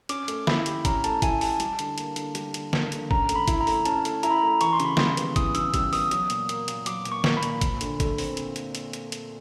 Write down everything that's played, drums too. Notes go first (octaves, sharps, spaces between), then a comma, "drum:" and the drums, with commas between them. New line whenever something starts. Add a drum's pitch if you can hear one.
C#4 D6, drum: hi-hat
A3, drum: hi-hat
E4 B5, drum: snare
G4, drum: hi-hat
C#4 A#5, drum: kick, hi-hat
A3 A5, drum: hi-hat
E4 G#5, drum: kick, hi-hat
G4 A5, drum: open hi-hat
G3, drum: hi-hat
D3, drum: hi-hat
A#3, drum: hi-hat
D3, drum: hi-hat
G3, drum: hi-hat
D3, drum: hi-hat
A#3, drum: snare
D3, drum: hi-hat
C#4 A#5, drum: kick
A3, drum: hi-hat
B5
E4, drum: kick, hi-hat
A#5
A3, drum: open hi-hat
C#4 A5, drum: hi-hat
A3, drum: hi-hat
E4 A#5, drum: hi-hat
B5
A3 A#5
E3 C#6, drum: hi-hat
C6
C#3, drum: hi-hat
B5
G3 C6, drum: snare
B3, drum: hi-hat
E3 D#6, drum: kick, hi-hat
C#3 E6, drum: hi-hat
G3 E6, drum: kick, hi-hat
B3 D#6, drum: open hi-hat
F#3, drum: hi-hat
A#2, drum: hi-hat
A#3, drum: hi-hat
A#2, drum: hi-hat
F#3 D6, drum: hi-hat
A#2, drum: hi-hat
C#6
A#3, drum: snare
B5
A#2, drum: hi-hat
F3, drum: kick, hi-hat
D3, drum: hi-hat
A3, drum: kick, hi-hat
C4, drum: open hi-hat
drum: hi-hat
drum: hi-hat
drum: hi-hat
drum: hi-hat
drum: hi-hat